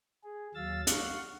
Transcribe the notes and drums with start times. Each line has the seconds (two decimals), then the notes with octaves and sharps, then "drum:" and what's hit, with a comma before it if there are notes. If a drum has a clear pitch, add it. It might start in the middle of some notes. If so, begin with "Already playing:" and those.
0.24 G#4
0.55 D#2 F#3 F5 E6 A6
0.87 F5 F#5 C#6, drum: hi-hat